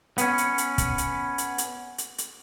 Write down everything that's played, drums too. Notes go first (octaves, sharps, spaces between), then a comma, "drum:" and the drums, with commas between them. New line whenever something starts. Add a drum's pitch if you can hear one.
B3 C#4, drum: hi-hat
drum: hi-hat
drum: hi-hat
drum: kick, hi-hat
drum: hi-hat
drum: hi-hat
drum: hi-hat
drum: hi-hat
drum: hi-hat